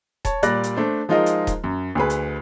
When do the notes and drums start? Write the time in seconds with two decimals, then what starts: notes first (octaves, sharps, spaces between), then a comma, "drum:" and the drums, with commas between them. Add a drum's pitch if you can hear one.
0.25 C#5 A5, drum: kick D#1, hi-hat
0.43 A#2 G3 D5 F#6 A#6, drum: hi-hat
0.64 drum: hi-hat
0.76 A3 D4 C5
1.09 F3 G#3 D#4 F4 A#4 D#5
1.26 drum: hi-hat
1.47 drum: kick D#1, hi-hat
1.64 F#2
1.95 D2 G#4 B4
2.10 drum: hi-hat